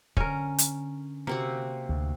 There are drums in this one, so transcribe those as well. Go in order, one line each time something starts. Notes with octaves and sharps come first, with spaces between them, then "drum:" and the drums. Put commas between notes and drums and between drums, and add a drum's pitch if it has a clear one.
D3 C#4 A#4, drum: kick
drum: hi-hat
C3 A#3 C4 F#4
D2